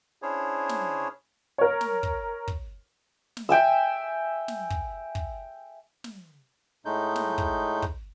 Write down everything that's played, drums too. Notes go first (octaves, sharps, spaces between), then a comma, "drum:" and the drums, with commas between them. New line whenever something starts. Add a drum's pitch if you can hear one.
C#4 D4 E4 G#4 C5 C#5
drum: snare
A#4 C#5
drum: snare
drum: kick
drum: kick
drum: snare
E5 G5 G#5 E6
drum: snare
drum: kick
drum: kick
drum: snare
A2 G#3 A3 D#4 G6
drum: snare
drum: kick
drum: kick